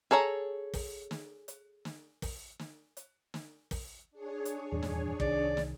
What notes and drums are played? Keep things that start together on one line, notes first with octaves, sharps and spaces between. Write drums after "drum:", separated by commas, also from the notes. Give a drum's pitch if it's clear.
G#4 A4 C#5 A#5
drum: kick, open hi-hat
drum: snare
drum: hi-hat
drum: snare
drum: kick, open hi-hat
drum: snare
drum: hi-hat
drum: snare
drum: kick, open hi-hat
D4 G#4 C#5
drum: hi-hat
D#1 E2 G2
drum: snare
C2 D#3 D5, drum: kick
drum: snare